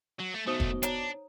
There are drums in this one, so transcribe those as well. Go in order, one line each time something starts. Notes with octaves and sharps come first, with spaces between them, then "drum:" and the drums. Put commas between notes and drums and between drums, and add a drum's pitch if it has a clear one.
F#3
A3
B1 B2 A3 D#4 C5 D#6
drum: kick
D4 C#5 A#5, drum: hi-hat